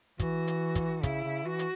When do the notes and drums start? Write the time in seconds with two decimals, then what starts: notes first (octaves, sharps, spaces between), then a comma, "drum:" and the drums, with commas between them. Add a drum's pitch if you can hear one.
0.20 E3 F#4, drum: kick, hi-hat
0.48 drum: hi-hat
0.75 drum: kick, hi-hat
1.03 C#3 E4, drum: kick, hi-hat
1.24 C#3
1.45 E3 F#4
1.59 drum: hi-hat